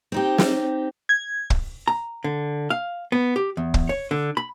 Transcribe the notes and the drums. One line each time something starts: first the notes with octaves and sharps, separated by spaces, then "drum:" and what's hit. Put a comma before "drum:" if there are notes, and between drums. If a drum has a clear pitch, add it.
C4 D#4 G4
drum: snare
G#6
drum: kick
A#5
D3
F5
B3
G4
E2
drum: kick
C#5
D3
B5